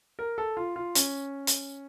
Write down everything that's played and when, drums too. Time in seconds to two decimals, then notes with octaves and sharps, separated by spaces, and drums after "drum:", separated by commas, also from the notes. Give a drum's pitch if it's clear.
0.19 A#4
0.38 A4
0.57 F4
0.76 F4
0.95 C#4, drum: hi-hat
1.47 drum: hi-hat